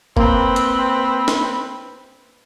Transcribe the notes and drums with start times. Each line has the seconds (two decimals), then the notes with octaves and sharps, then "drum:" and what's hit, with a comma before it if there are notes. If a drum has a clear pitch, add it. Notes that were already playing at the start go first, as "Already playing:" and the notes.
0.17 A#3 C4 B4, drum: kick F#1
0.56 drum: hi-hat
1.28 drum: snare